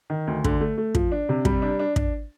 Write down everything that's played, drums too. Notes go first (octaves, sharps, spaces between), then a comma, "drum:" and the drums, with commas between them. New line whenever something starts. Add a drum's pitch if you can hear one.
D#3
D2
D3, drum: kick
A3
A3
F3, drum: kick
D4
C3
G3, drum: kick
D4
D4
D4, drum: kick